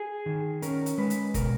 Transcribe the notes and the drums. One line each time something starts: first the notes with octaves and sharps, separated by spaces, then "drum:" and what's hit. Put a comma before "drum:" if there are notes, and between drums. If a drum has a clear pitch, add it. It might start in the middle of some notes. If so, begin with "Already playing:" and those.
Already playing: G#4
D#3
C#4 A#4, drum: hi-hat
drum: hi-hat
G#3 B4
drum: hi-hat
B2 A#4, drum: kick F#1, hi-hat